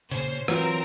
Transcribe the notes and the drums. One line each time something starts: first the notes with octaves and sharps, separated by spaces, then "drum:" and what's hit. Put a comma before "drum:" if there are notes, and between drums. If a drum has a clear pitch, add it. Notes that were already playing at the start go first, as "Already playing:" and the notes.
F#2 A#2 C#3 C#4 C5 C#5, drum: hi-hat
E3 F#3 C4 F4 A#4 B4 C#5, drum: rim click